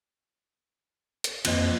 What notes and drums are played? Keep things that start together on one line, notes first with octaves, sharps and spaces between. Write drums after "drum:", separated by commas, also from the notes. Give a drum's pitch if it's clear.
drum: hi-hat
F2 A#3 C4 F4 D#5, drum: cymbal